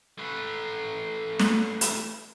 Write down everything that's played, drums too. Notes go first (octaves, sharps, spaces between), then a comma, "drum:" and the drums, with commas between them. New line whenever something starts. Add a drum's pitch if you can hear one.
A3 B4
drum: snare
drum: hi-hat